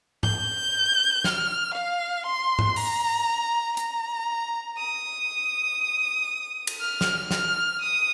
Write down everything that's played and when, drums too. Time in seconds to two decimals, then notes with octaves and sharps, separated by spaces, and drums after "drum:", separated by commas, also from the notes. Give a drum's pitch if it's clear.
0.23 G6, drum: tom G#2
1.24 F6, drum: snare
1.74 F5
2.26 C6
2.59 drum: tom G#2
2.76 A#5, drum: open hi-hat
3.77 A#5, drum: hi-hat
4.78 D#6
6.67 drum: cymbal
6.80 F6
7.01 drum: snare
7.31 F6, drum: snare
7.81 D#6